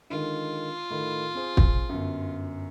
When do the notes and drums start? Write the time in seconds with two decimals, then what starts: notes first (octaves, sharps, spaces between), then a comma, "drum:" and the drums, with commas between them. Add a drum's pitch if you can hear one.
0.10 D3 D#3 G#3 F4
0.90 A2 D#3 B5
1.34 C4 G#4 C5
1.57 drum: kick
1.89 G1 F#2